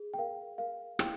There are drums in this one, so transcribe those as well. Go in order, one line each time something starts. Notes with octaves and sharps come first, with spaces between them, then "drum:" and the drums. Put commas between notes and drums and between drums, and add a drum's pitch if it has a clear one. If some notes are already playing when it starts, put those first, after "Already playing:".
Already playing: G#4
G5
A#4 F5
A#4 F5
E4 G5, drum: rim click